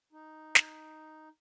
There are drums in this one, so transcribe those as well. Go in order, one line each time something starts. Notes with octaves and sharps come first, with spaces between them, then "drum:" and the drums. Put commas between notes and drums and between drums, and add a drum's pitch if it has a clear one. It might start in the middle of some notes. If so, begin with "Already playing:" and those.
D#4
drum: snare